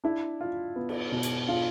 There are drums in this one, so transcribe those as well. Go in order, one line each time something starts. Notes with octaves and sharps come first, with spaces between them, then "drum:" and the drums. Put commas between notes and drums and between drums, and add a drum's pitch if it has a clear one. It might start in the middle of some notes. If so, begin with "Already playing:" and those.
D4 E4
F4
B3
drum: cymbal
B2
drum: hi-hat
D4 F4